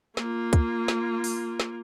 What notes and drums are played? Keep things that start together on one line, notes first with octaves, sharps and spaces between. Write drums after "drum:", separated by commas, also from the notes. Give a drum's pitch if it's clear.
A#3 F4, drum: snare
drum: kick, hi-hat
drum: snare
drum: open hi-hat
drum: snare